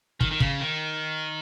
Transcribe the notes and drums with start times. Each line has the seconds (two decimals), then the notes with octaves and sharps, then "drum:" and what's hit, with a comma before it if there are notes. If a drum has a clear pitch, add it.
0.21 D#3, drum: kick
0.31 D#3
0.40 C#3, drum: kick
0.60 D#3